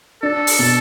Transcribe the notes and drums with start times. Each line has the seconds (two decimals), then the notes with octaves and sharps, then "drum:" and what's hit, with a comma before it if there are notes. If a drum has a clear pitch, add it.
0.23 D4 A4
0.47 drum: open hi-hat
0.59 B2